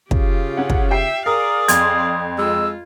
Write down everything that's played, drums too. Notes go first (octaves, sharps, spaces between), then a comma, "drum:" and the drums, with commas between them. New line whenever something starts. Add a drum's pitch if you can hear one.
C#3 F4 G4, drum: kick
C#4 F#5
drum: kick
G4 E5 G5 C7
G#4 A#4 D5 F5 D#6
F2 C6 G#6, drum: hi-hat
G#3 F4 E6